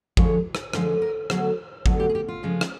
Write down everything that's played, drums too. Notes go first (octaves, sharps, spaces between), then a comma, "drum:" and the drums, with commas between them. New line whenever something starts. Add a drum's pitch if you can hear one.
F2 D3 F3 G#3 C#5, drum: kick G#1
drum: rim click
F2 D3 F3 G#3 C5, drum: rim click
A#4
D2 D3 F#3 B3 G#4, drum: rim click
D2 D3 F#3 B3, drum: kick G#1
G4
G#4
G4
F4
C#3 F3 G#3 C#4
drum: rim click